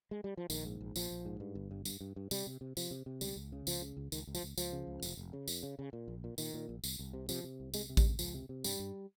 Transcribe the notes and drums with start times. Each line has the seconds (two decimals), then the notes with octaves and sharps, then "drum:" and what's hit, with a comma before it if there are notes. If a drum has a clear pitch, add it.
0.11 G#3
0.24 G3
0.37 F3
0.50 A#1 D#3, drum: tambourine
0.65 G#2
0.81 A#1
0.96 A#1 F3, drum: tambourine
1.11 A#1
1.26 G#2
1.40 G2
1.55 G1
1.71 G2
1.85 G2, drum: tambourine
2.01 G2
2.16 G2
2.31 C3 G3, drum: tambourine
2.47 C3
2.61 C3
2.77 C3 F3, drum: tambourine
2.91 C3
3.06 C3
3.21 C#2 G3, drum: tambourine
3.36 C#2
3.52 C#3
3.67 C#2 F3, drum: tambourine
3.81 C#3
3.97 C#2
4.12 C#2 D#3, drum: tambourine
4.27 C#2
4.35 F3, drum: tambourine
4.43 C#2
4.58 C#2 F3, drum: tambourine
4.73 C#3
4.87 C#2
5.03 F1, drum: tambourine
5.17 F1
5.33 C#3
5.48 F2, drum: tambourine
5.63 C#3
5.79 C#3
5.93 A#2
6.08 A#1
6.24 A#2
6.38 A#2 D#3, drum: tambourine
6.54 A#2
6.69 A#1
6.84 C2, drum: tambourine
6.99 C2
7.13 C3
7.29 C3 F3, drum: tambourine
7.44 C3
7.60 C2
7.74 C3 G#3, drum: tambourine
7.90 C3
7.97 G3, drum: kick A1, tambourine
8.04 C#2
8.19 C#2 F3, drum: tambourine
8.34 C3
8.49 C3
8.64 G2 G3, drum: tambourine
8.80 G2